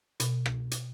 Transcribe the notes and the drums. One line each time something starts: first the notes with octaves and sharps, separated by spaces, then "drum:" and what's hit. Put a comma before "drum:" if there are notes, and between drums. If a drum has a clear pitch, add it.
B2, drum: hi-hat
drum: rim click
drum: hi-hat